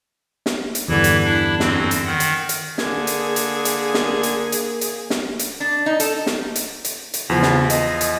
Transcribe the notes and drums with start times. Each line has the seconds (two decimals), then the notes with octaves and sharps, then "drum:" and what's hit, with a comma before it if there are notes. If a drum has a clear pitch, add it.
0.46 drum: snare
0.75 drum: hi-hat
0.88 E2 G2 D3 E3 E4
1.04 drum: hi-hat
1.24 D4 E4
1.60 F#2 C4, drum: snare
1.91 drum: hi-hat
2.05 D#3 F#5
2.20 drum: hi-hat
2.49 drum: hi-hat
2.78 D3 A#3 G#4 G#6, drum: snare
3.07 drum: hi-hat
3.36 drum: hi-hat
3.65 drum: hi-hat
3.94 drum: snare
4.23 drum: hi-hat
4.52 drum: hi-hat
4.81 drum: hi-hat
5.10 drum: snare
5.39 drum: hi-hat
5.60 D4
5.86 D#4
6.00 A4, drum: hi-hat
6.26 drum: snare
6.56 drum: hi-hat
6.85 drum: hi-hat
7.14 drum: hi-hat
7.30 E2 C#3 F3
7.43 drum: snare
7.70 D#5, drum: hi-hat
8.01 drum: hi-hat